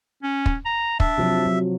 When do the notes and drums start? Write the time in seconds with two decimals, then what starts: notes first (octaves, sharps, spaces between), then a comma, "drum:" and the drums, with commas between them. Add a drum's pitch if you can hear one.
0.23 C#4
0.46 drum: kick
0.65 A#5
1.00 D4 E5, drum: kick
1.18 C3 F3 F#3
1.46 F#3